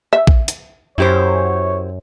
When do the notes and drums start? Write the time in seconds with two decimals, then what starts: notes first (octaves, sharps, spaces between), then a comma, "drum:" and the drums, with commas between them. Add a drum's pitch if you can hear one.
0.13 E5
0.27 drum: kick
0.48 drum: hi-hat
0.98 F#2 E4 G4 C5 C#5